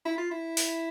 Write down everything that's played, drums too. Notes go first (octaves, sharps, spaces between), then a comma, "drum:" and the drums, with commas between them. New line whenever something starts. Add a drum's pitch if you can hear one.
E4
F4
E4
drum: open hi-hat